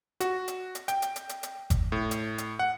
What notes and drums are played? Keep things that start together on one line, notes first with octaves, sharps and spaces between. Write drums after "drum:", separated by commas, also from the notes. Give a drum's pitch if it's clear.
F#4, drum: hi-hat
drum: hi-hat
drum: hi-hat
G5, drum: hi-hat
drum: hi-hat
drum: hi-hat
drum: hi-hat
drum: hi-hat
drum: kick G1, hi-hat
A2
drum: hi-hat
drum: hi-hat
F#5